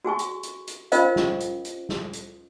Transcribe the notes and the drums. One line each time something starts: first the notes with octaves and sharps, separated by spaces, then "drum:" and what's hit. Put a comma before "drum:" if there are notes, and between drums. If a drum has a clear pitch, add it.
F#4 G#4 G#5 C#6
drum: hi-hat
drum: hi-hat
drum: hi-hat
C#4 F4 A#4 C5 D#5 F5, drum: hi-hat
drum: snare
drum: hi-hat
drum: hi-hat
drum: snare
drum: hi-hat